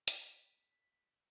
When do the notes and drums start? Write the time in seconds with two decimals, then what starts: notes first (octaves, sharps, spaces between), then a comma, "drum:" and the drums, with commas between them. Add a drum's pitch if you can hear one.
0.08 B6, drum: hi-hat